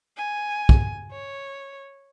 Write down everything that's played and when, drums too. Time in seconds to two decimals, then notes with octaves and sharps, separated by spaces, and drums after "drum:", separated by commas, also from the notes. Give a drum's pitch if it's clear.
0.17 G#5
0.69 drum: kick
1.12 C#5